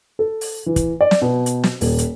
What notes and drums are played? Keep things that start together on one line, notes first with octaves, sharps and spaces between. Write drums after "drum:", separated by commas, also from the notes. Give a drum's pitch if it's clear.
A4
drum: open hi-hat
E3
drum: kick, hi-hat
D5
drum: snare
B2
drum: hi-hat
drum: snare
D#1, drum: open hi-hat
drum: hi-hat